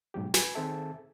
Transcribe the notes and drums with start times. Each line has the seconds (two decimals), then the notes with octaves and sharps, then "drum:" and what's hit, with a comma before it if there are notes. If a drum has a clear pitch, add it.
0.14 G#2 B2 F#3 G4
0.34 B4 G#5, drum: snare
0.55 D#3 C4 G#4 A4 E5 A5